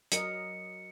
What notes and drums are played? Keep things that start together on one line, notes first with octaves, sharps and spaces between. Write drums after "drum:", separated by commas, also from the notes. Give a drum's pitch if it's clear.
F#3 A#4 D#5 C#7, drum: hi-hat